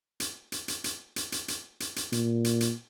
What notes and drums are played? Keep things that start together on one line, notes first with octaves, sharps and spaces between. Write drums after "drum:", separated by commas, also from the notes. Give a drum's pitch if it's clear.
drum: hi-hat
drum: hi-hat
drum: hi-hat
drum: hi-hat
drum: hi-hat
drum: hi-hat
drum: hi-hat
drum: hi-hat
drum: hi-hat
A#2, drum: hi-hat
drum: hi-hat
drum: hi-hat